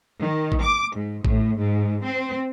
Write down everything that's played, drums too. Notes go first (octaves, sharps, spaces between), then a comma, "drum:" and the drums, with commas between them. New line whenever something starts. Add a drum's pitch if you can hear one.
D#3
drum: kick A1
D6
G#2
A2, drum: kick A1
G#2
C4